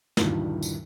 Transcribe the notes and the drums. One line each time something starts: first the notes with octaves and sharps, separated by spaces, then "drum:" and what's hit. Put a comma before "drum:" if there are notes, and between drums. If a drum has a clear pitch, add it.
D2 G2 A#2 D#3 E3, drum: snare
drum: tambourine